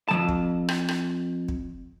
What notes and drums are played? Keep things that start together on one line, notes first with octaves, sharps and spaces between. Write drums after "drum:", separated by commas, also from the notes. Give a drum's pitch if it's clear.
F2 E3 A5
drum: kick
drum: rim click
drum: rim click
drum: kick